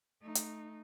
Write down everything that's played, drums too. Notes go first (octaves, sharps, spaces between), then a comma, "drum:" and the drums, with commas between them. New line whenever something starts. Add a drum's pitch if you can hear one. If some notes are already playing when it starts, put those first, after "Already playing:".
A3 D#4
drum: hi-hat